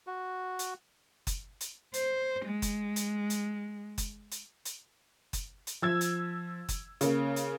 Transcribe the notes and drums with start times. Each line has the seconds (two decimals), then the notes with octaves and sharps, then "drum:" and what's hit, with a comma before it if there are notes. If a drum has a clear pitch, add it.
0.07 F#4
0.59 drum: hi-hat
1.27 drum: kick F#1, hi-hat
1.61 drum: hi-hat
1.94 C5, drum: hi-hat
2.45 G#3
2.62 drum: kick F#1, hi-hat
2.96 drum: hi-hat
3.30 drum: hi-hat
3.98 drum: kick F#1, hi-hat
4.32 drum: hi-hat
4.65 drum: hi-hat
5.33 drum: kick F#1, hi-hat
5.67 drum: hi-hat
5.82 F3 E6 G#6
6.01 drum: hi-hat
6.69 drum: kick F#1, hi-hat
7.01 C#3 A#3, drum: hi-hat
7.36 drum: hi-hat